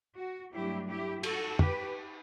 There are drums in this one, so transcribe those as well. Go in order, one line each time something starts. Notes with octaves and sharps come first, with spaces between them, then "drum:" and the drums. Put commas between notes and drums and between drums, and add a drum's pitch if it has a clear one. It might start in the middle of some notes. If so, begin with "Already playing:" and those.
F#4
G2 F#3 A3 D4 E4 G4
E4 G4
F#4 A4, drum: cymbal
G4 B4, drum: tom